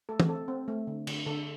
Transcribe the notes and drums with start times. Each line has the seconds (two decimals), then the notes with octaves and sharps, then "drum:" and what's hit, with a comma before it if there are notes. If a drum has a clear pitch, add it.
0.09 A3 A4
0.20 drum: tom
0.29 C4 A4
0.48 C4
0.68 A3
0.87 D3
1.07 D3, drum: cymbal
1.26 D3 A4